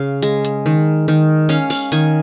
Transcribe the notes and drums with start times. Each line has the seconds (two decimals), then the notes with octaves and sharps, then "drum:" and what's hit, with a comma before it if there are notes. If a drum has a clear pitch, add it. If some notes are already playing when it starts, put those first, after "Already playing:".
Already playing: C#3 F5
0.23 G#3, drum: hi-hat
0.45 drum: hi-hat
0.66 D#3
1.08 D#3
1.49 C#4 F5, drum: hi-hat
1.70 F5, drum: open hi-hat
1.92 D#3 G#5, drum: hi-hat